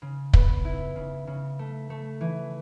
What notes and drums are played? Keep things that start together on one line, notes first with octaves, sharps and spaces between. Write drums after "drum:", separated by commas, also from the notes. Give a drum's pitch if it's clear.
C#3
B3, drum: kick
E4
C#3
C#3
A3
A3
E3